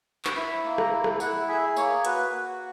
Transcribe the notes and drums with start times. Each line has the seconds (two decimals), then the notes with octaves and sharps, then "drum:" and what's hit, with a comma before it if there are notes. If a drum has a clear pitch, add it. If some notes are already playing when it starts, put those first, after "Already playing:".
0.25 C#6, drum: clap
0.35 E4 B5
0.64 A#3
0.78 A#5, drum: rim click
0.92 E4
1.04 drum: rim click
1.20 E4 F#5, drum: tambourine
1.48 G#4 E5
1.76 A#3 C#5, drum: tambourine
2.05 F#4 B4, drum: hi-hat
2.32 F#4